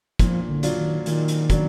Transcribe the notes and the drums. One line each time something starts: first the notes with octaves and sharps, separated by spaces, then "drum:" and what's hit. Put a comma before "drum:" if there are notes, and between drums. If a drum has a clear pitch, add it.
A#2 F3, drum: kick, hi-hat
D3
F#3 D4 F4, drum: hi-hat
D#3
A#2 D#3, drum: hi-hat
drum: hi-hat
F#3 D4, drum: kick, hi-hat